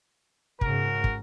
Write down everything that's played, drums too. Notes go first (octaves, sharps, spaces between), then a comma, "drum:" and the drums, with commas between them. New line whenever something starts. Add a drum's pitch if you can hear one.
G#2 C#3 F#4 A#4, drum: kick
drum: kick